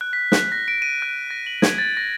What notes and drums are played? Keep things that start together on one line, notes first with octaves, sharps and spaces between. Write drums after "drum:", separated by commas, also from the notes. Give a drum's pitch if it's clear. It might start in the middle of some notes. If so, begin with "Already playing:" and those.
F#6
B6
F#6, drum: snare
A#6
D7
D#7
F#6
A#6
F#7
G#6, drum: snare
A6
A#6